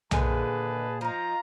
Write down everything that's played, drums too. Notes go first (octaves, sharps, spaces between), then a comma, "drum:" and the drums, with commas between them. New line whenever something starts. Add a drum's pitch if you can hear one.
A#2 D3 D#3 G#3 G#4 B4 G#5 A5, drum: tom B1
F3 D#4 F4 A#5